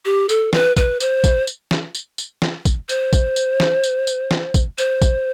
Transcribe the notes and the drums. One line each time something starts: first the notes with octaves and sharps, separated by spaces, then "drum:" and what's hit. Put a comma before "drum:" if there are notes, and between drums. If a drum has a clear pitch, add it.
G4
A4, drum: tambourine
B4, drum: snare
B4, drum: kick, tambourine
C5, drum: tambourine
drum: kick, tambourine
drum: tambourine
drum: snare
drum: tambourine
drum: tambourine
drum: snare
drum: kick, tambourine
C5, drum: tambourine
drum: kick, tambourine
drum: tambourine
drum: snare
drum: tambourine
drum: tambourine
drum: snare
drum: kick, tambourine
C5, drum: tambourine
drum: kick, tambourine